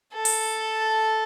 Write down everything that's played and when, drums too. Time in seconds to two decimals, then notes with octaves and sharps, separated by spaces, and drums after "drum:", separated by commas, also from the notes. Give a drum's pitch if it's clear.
0.14 A4
0.25 drum: open hi-hat